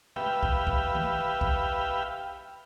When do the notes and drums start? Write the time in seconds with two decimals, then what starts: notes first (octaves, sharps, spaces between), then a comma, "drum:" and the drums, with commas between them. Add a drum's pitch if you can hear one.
0.16 G4 B4 E5 F5 G5, drum: tom
0.43 drum: kick
0.67 drum: kick
0.95 drum: tom D#3
1.41 drum: kick